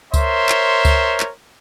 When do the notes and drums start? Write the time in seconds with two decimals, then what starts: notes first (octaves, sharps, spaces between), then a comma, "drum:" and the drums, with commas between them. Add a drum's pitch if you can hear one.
0.14 A#4 C5 C#5 E5 C6, drum: kick C#2, tambourine
0.49 drum: clap
0.85 drum: kick C#2, tambourine
1.20 drum: clap